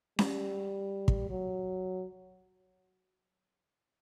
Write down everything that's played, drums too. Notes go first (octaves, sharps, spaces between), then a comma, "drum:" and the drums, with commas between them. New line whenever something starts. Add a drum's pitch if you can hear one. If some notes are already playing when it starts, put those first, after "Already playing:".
G3, drum: snare C#4
drum: kick
F#3